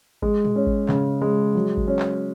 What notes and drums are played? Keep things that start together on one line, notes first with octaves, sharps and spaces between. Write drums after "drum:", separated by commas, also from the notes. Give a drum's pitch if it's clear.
G#3, drum: kick G#1
drum: tom
C#4
drum: kick G#1
C#3, drum: clap
G#3
F#3
drum: kick G#1
C#4
drum: clap